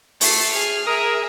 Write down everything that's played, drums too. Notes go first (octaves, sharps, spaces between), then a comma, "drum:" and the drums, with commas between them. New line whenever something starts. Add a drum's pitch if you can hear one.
A3 C7, drum: open hi-hat
G#4 F6
G#4 A#4 E5 D#6